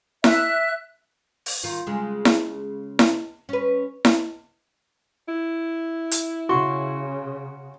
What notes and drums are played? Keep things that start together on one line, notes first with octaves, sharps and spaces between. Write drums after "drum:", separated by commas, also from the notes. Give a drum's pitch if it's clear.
E5 F#6, drum: snare E4
drum: open hi-hat
D#3 F4
C#3 G#3
drum: snare E4
drum: snare E4
C#4 B4
drum: snare E4
E4
drum: hi-hat
C#3 F#4 C6 C#6